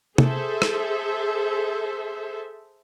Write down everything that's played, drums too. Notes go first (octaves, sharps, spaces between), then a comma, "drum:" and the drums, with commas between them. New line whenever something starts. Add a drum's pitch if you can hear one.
G#4 A4 C5 E5, drum: tom C3
drum: rim click